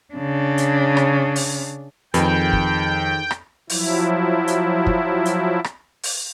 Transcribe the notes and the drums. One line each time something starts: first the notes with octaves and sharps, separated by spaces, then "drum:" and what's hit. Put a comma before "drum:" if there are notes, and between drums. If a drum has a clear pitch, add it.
C#3 D4
drum: hi-hat
drum: rim click
drum: open hi-hat
F2 D#3 G#4 B4 G5, drum: hi-hat
drum: kick
drum: rim click
F3 F#3 E4, drum: open hi-hat
drum: hi-hat
drum: kick
drum: hi-hat
drum: rim click
drum: open hi-hat